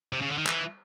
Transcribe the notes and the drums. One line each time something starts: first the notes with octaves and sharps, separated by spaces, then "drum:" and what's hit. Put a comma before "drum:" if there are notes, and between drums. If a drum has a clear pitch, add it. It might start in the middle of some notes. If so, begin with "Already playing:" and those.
C3
C#3
D3
D#3
E3, drum: clap